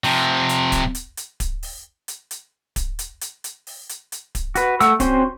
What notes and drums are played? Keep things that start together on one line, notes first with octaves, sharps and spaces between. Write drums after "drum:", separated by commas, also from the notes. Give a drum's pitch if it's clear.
C3 F3, drum: open hi-hat
drum: hi-hat
drum: kick D1, hi-hat
drum: hi-hat
drum: hi-hat
drum: kick D1, hi-hat
drum: open hi-hat
drum: hi-hat
drum: hi-hat
drum: kick D1, hi-hat
drum: hi-hat
drum: hi-hat
drum: hi-hat
drum: open hi-hat
drum: hi-hat
drum: hi-hat
drum: kick D1, hi-hat
F#4 B4, drum: hi-hat
A3 F#5 E6, drum: hi-hat
C4 C#4 F#4 C5 C6, drum: kick D1, hi-hat